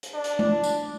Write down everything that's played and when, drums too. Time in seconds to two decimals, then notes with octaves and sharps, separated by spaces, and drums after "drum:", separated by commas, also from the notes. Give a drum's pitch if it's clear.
0.03 drum: hi-hat
0.14 D4
0.24 drum: hi-hat
0.39 drum: tom G#3
0.64 drum: tambourine